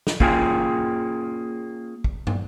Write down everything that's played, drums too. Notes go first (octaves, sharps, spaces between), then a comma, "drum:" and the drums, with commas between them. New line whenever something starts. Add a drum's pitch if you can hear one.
drum: snare
A#3 C#4 F4 G#4 G5 G#5, drum: kick
drum: kick
drum: tom